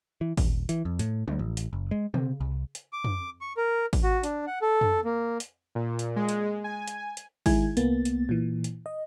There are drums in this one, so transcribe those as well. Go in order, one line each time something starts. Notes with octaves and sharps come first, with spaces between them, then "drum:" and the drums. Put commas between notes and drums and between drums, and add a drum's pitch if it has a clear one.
E3
D#1, drum: kick G#1, open hi-hat
E3, drum: hi-hat
F2
A2, drum: hi-hat
D2, drum: tom F3
A1
drum: hi-hat
F#1
G#3
C3, drum: tom C#3
C2
drum: hi-hat
D6
drum: tom
C#6
A#4
drum: kick G#1, open hi-hat
F#4
D4, drum: hi-hat
F#5
A4
drum: tom
A#3
drum: hi-hat
A#2
drum: hi-hat
G#3
drum: hi-hat
G#5
drum: hi-hat
drum: hi-hat
D#3 G#3 E4 G#5 G#6, drum: kick G#1, open hi-hat
C2 A#3 B3 A6, drum: hi-hat
drum: hi-hat
A#2 E3
drum: hi-hat
D#5